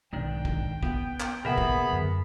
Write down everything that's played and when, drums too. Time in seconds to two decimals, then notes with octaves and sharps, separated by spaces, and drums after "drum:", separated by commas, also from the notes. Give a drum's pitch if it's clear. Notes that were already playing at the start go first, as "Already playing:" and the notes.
0.13 B1 G#2 D#3 D4 G5
0.45 drum: kick
0.83 B3, drum: kick
1.20 drum: clap
1.45 A#2 C#3 A#3 B3 G#4 A#4 E5 B5
1.58 drum: kick
1.90 F#2 D3